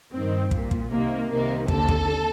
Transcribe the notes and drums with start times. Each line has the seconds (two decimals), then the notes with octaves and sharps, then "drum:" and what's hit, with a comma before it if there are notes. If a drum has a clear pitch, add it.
0.12 G2 D#3 C4
0.51 C2 A#2, drum: kick
0.71 drum: kick
0.91 C2 C3 D#3 A#3
1.30 C2 C3 D#3 A#3
1.68 D#2 D3 A4, drum: kick
1.88 drum: kick